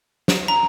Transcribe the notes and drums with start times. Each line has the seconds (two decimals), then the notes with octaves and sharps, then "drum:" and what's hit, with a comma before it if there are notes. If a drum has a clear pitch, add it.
0.28 drum: snare
0.48 A#5